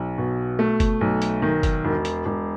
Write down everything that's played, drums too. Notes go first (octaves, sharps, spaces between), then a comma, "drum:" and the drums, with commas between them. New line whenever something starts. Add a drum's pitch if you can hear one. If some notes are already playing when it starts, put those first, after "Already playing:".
Already playing: B1
B2
A3
drum: kick F#1, hi-hat
B1
drum: hi-hat
D#3
drum: kick F#1, hi-hat
E1
drum: hi-hat
E1